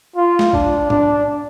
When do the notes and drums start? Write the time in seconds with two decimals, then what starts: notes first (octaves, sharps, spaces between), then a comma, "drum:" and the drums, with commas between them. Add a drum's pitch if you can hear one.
0.16 F4
0.39 drum: snare
0.53 D4, drum: kick A1
0.90 D4, drum: tom G#2